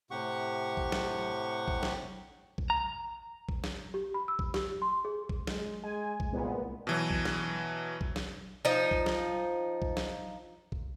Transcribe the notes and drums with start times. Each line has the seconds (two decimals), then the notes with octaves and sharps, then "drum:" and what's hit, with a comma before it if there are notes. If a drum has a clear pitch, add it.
0.11 A2 C3 G4 F#5 C#6
0.77 drum: kick
0.92 drum: snare
1.68 drum: kick
1.83 drum: snare
2.58 drum: kick
2.70 A#5
3.49 drum: kick
3.64 drum: snare
3.94 G4
4.14 B5
4.28 E6
4.39 drum: kick
4.54 G4, drum: snare
4.82 C6
5.05 G#4
5.29 drum: kick
5.47 G#3, drum: snare
5.83 G#3 G#5
6.20 drum: kick
6.32 C2 A#2 G#3 B3
6.87 B2 E3 F#3
7.10 drum: kick
7.25 drum: snare
8.01 drum: kick
8.16 drum: snare
8.65 F3 D#4
8.91 drum: kick
9.06 drum: snare
9.82 drum: kick
9.97 drum: snare
10.72 drum: kick